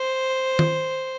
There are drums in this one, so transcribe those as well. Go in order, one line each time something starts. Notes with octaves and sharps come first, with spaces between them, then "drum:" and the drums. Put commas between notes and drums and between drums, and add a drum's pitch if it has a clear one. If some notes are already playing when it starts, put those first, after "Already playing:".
Already playing: C5
drum: tom D#3